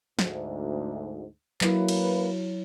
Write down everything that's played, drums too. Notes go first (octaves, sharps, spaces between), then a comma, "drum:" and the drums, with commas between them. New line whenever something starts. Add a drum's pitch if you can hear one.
D2 G#2, drum: snare
A1 F#3 A#3 E4 B4, drum: clap
drum: cymbal